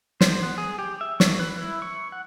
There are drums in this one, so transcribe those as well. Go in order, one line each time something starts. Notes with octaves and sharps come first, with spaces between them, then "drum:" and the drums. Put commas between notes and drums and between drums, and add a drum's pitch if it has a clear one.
C5, drum: snare
B3
G#4
G4
E5
C#6, drum: snare
B4
E4
C#6
F#5